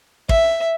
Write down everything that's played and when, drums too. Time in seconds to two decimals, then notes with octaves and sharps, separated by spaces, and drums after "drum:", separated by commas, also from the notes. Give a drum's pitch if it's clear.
0.29 E5, drum: kick